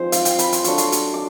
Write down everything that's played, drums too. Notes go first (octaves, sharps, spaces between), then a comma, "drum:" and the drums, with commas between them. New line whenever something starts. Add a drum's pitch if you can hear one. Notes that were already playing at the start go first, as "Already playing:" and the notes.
Already playing: F3 G#3 C4 D#4 C5
F5, drum: hi-hat
G5, drum: hi-hat
B5, drum: hi-hat
C6, drum: hi-hat
F#3 A3 D4 C#6, drum: hi-hat
C6, drum: hi-hat
drum: hi-hat
D6